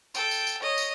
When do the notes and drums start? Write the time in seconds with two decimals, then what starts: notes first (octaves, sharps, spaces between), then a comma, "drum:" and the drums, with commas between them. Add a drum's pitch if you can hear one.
0.15 A4 G5, drum: tambourine
0.31 drum: tambourine
0.47 drum: tambourine
0.62 C#5 D#5
0.78 drum: tambourine